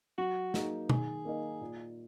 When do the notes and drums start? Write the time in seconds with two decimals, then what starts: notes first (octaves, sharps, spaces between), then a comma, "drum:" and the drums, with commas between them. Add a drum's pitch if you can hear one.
0.18 F#3 F#4
0.54 A#3 D#4 G#4, drum: snare
0.89 D#3 G#4, drum: tom
1.25 A#3 D#4 A#4 D#5
1.61 A#2